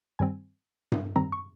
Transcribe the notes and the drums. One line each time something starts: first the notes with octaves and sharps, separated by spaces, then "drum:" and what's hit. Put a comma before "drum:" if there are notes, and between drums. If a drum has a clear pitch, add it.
G2 D#3 G3 C4 G#5
drum: tom G2
D#3 G3 C4 A#5
C#6